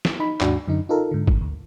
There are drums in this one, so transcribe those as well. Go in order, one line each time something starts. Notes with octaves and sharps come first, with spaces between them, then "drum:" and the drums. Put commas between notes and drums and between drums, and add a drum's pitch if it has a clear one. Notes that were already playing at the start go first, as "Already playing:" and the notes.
drum: snare
D#4 B5
D#2 G#2 D4 F#4, drum: clap
F#2 D3 D#4
D#4 F4 A4 A#4
G#2 D3
drum: kick
D2